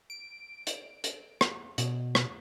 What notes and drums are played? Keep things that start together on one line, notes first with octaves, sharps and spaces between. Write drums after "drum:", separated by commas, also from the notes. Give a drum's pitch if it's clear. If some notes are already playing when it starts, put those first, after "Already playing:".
D7
drum: hi-hat
drum: hi-hat
drum: rim click
B2, drum: hi-hat
drum: rim click